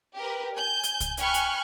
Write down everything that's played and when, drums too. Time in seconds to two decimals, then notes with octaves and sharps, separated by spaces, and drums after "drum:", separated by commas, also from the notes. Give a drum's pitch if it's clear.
0.16 G4 A#4 B4
0.54 G#5 G6
0.84 drum: hi-hat
1.00 drum: kick C2, hi-hat
1.17 G5 G#5 B5 C#6 F6 F#6, drum: hi-hat
1.34 drum: hi-hat